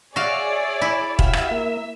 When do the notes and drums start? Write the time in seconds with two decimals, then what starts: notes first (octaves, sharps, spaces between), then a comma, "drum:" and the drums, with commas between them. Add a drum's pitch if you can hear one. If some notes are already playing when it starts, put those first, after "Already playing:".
0.16 F#4 G#4 C#5 D5 E5 F5
0.52 E5
0.82 E4
1.19 F#4 G4 E5 F5, drum: kick E1
1.33 drum: rim click
1.51 A#3